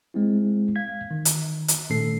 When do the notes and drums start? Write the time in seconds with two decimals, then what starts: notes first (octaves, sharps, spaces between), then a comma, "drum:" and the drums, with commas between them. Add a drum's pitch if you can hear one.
0.14 G#3 C4 E4
0.75 F5 G#6 B6
1.11 D#3
1.25 drum: hi-hat
1.68 drum: hi-hat
1.90 A#2 D#3 A3 C#4 A4 C7